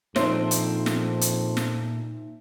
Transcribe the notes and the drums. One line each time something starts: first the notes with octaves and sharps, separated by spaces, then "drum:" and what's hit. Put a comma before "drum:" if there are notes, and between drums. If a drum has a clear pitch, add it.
F2 A#2 D4 D#4 C5 E5 C6, drum: snare
drum: hi-hat
drum: snare
drum: hi-hat
drum: snare